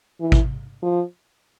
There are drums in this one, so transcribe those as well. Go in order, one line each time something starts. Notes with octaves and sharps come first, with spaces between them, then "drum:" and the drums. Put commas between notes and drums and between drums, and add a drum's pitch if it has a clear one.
E3
drum: kick
F3